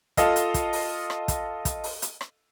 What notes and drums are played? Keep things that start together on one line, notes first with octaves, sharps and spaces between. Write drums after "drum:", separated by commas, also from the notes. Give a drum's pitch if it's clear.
F4 A4 D#5 F5, drum: kick, hi-hat
drum: hi-hat
drum: kick, hi-hat
drum: open hi-hat
drum: rim click
drum: kick, hi-hat
drum: kick, hi-hat
drum: open hi-hat
drum: hi-hat
drum: rim click